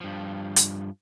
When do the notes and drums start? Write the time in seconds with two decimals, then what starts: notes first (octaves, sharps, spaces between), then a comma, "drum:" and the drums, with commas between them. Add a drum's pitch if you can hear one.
0.01 G2 F3
0.56 drum: hi-hat